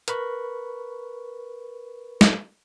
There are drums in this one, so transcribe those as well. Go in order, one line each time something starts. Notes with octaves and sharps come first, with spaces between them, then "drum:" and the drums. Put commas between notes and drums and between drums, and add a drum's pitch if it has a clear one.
A#4 B4 B5 C#6, drum: hi-hat
drum: snare